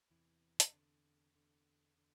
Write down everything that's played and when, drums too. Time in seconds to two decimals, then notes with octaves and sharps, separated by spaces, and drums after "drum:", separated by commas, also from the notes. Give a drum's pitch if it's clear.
0.10 E2 C3 E3
0.60 drum: hi-hat
0.73 D3
1.35 D3
1.98 D3